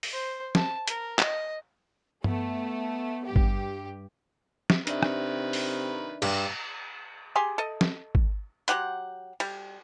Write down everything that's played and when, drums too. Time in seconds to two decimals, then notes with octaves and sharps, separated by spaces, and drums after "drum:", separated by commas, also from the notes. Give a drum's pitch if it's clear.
0.03 drum: open hi-hat
0.13 C5
0.55 A5, drum: snare
0.88 A#4, drum: hi-hat
1.19 D#5, drum: clap
2.24 A3 B3, drum: tom G2
3.25 G2 G4
3.36 drum: kick
4.70 drum: snare
4.87 C3 D#3 D4 B4 D5 E5, drum: hi-hat
5.03 drum: rim click
5.53 drum: open hi-hat
6.22 G2, drum: cymbal
7.36 G4 G#4 C6
7.58 A4 D#5
7.81 drum: snare
8.15 drum: kick
8.68 F#3 G4 F#5 C6, drum: hi-hat
9.40 G3, drum: cymbal